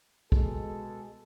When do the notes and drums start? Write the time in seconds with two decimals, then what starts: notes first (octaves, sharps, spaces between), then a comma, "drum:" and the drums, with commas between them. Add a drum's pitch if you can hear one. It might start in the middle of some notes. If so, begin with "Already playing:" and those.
0.32 B2 G#3 G#4 A4, drum: kick